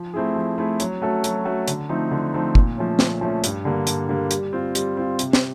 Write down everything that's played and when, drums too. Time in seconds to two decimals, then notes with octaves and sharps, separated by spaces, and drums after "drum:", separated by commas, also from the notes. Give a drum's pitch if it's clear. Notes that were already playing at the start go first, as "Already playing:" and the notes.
Already playing: F3
0.14 A3 C4 E4 G#4
0.36 F3
0.58 A3 C4 E4 G#4
0.80 F#3, drum: hi-hat
1.02 A3 C#4 F#4 A4
1.24 F#3, drum: hi-hat
1.45 A3 C#4 F#4 A4
1.68 D3, drum: hi-hat
1.89 F3 A3 C4 D#4
2.11 D3
2.33 F3 A3 C4 D#4
2.55 A#2, drum: kick
2.77 F3 A3 C#4
2.99 A#2, drum: snare
3.21 F3 A3 C#4
3.44 G2, drum: hi-hat
3.65 D3 G3 A#3
3.87 G2, drum: hi-hat
4.09 D3 G3 A#3
4.31 G3, drum: hi-hat
4.53 C4 F4
4.75 G3, drum: hi-hat
4.97 C4 F4
5.19 C3, drum: hi-hat
5.33 drum: snare